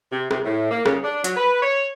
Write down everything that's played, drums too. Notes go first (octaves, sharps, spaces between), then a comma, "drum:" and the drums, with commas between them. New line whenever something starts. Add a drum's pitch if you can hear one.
C3
C3, drum: rim click
A2
A#3
C#3, drum: rim click
D4
F#3, drum: hi-hat
B4
C#5